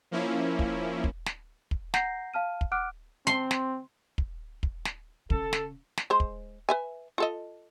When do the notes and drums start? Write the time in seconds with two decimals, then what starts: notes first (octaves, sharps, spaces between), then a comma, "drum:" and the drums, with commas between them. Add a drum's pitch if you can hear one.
0.11 F3 A#3 C#4 E4
0.59 drum: kick
1.04 drum: kick
1.26 drum: snare
1.71 drum: kick
1.94 F#5 A#5 G6 A#6 C7, drum: snare
2.34 F5 A5 F6 D#7
2.61 drum: kick
2.72 F#5 D6 F6 F#6 D7
3.27 C4 C6
3.51 drum: snare
4.18 drum: kick
4.63 drum: kick
4.85 drum: snare
5.30 C#3 A4, drum: kick
5.53 drum: snare
5.97 drum: snare
6.10 G#3 C5
6.20 drum: kick
6.69 B4 E5 G#5
7.18 F4 A4 D#5